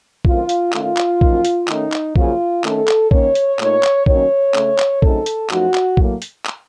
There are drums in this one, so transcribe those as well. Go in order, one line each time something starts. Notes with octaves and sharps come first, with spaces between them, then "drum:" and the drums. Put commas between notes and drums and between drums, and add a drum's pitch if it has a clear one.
F#2 D#3 A3 C4 F4, drum: kick A#1
drum: hi-hat
D#3 A3 C#4 F4, drum: clap
drum: clap
F#2 F3 A#3 D#4, drum: kick A#1
drum: hi-hat
D#3 A3 C#4 D#4, drum: clap
drum: clap
F#2 C#3 F3 A#3 C#4 F4, drum: kick A#1
D#3 A3 C#4 A4, drum: clap
drum: clap
D#3 A#3 C#4 C#5, drum: kick A#1
drum: hi-hat
A#2 A3 D#4 C#5, drum: clap
drum: clap
D#3 F#3 A#3 C#4 C#5, drum: kick A#1
C#3 A3 C#4, drum: clap
drum: clap
F#2 C#3 A3 C4 D#4 A4, drum: kick A#1
drum: hi-hat
F#2 F3 A3 D#4 F#4, drum: clap
drum: clap
A2 F#3 A#3, drum: kick A#1
drum: hi-hat
drum: clap